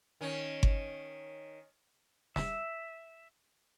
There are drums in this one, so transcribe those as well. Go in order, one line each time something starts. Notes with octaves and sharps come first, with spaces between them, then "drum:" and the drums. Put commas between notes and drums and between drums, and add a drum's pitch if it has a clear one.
D#3 C#4
drum: kick G1
E5, drum: snare